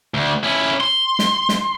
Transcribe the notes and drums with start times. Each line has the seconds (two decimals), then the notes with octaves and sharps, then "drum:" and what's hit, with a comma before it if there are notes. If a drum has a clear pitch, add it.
0.14 D2
0.44 C#4 E4
0.81 C6
1.19 drum: snare
1.49 drum: snare